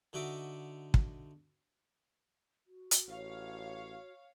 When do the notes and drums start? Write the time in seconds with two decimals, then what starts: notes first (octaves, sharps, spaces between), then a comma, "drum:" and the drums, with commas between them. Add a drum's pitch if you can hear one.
0.13 D3 D#4 F#4 E5 D6
0.94 drum: kick
2.67 F#4
2.91 drum: hi-hat
3.08 A1 C#5 F5